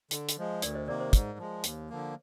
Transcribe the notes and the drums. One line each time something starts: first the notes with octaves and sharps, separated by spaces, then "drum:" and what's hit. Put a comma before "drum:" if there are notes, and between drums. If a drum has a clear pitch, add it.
D3, drum: hi-hat
drum: hi-hat
F3 G#3
D2 A#4 D5, drum: hi-hat
C5 D#5
C3 D#3 A#3 A#4 D5
C5
G#2, drum: kick, hi-hat
F3 G#3
D#2, drum: hi-hat
D3 F3 A#3